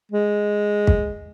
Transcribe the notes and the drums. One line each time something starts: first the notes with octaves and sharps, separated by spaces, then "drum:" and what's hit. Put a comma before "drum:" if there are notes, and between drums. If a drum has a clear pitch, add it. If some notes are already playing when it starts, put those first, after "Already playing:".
G#3
drum: kick